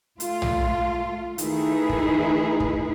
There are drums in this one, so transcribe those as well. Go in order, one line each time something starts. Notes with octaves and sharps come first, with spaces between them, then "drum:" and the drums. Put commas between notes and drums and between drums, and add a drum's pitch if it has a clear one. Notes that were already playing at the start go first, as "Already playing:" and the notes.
A3 F4, drum: hi-hat
drum: tom
D#3 A3 D#4 E4 G#4 B4, drum: hi-hat
drum: kick
drum: kick